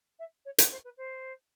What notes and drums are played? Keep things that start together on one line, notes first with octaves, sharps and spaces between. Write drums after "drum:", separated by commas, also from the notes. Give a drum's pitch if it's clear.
E5
C#5
B4, drum: hi-hat
C5
B4
C5